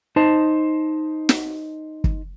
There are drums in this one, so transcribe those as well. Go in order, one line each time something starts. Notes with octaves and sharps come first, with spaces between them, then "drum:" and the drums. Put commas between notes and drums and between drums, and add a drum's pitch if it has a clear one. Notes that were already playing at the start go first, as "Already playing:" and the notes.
D#4 C5 A5
drum: snare
drum: kick